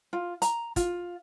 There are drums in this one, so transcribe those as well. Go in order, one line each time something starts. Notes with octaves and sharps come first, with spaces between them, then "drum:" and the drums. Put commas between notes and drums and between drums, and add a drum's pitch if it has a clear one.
F4
A#5, drum: hi-hat
F4, drum: kick, hi-hat